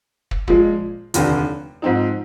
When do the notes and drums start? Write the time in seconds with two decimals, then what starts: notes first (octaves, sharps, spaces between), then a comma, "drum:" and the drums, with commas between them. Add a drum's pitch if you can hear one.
0.31 drum: kick
0.48 A#2 F3 G#3, drum: kick
1.14 F1 D#2 D3, drum: hi-hat
1.82 G#2 F3 C4 D#4